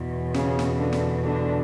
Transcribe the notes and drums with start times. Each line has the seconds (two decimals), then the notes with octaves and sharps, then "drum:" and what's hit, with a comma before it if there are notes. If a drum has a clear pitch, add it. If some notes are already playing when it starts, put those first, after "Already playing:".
Already playing: E2 B2
0.34 C#3 C#4, drum: snare
0.59 drum: snare
0.79 D3 D4
0.93 drum: snare
1.23 D3 D4